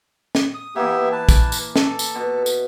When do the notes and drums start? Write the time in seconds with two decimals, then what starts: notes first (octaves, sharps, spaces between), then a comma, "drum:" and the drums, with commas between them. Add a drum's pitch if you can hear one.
0.35 drum: snare
0.54 D#6
0.76 E3 A#3 B3 G4 E5
1.12 B4 A5
1.29 drum: kick, tambourine
1.52 drum: tambourine
1.76 A4, drum: snare
1.99 drum: tambourine
2.15 B2
2.46 drum: tambourine